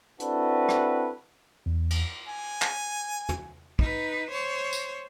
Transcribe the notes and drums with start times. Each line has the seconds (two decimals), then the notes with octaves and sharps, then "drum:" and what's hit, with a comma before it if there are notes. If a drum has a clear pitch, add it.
0.20 C4 D4 E4 F#4 A4 B4, drum: hi-hat
0.69 drum: rim click
1.66 E2
1.91 drum: cymbal
2.28 G#5
2.62 drum: clap
3.29 drum: tom
3.79 D#4 B4, drum: kick
4.30 C5 C#5
4.73 drum: tambourine